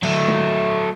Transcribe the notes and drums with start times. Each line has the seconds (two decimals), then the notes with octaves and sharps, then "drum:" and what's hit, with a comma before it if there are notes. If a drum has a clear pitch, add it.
0.03 F#3 A3, drum: cymbal
0.28 drum: tom G#3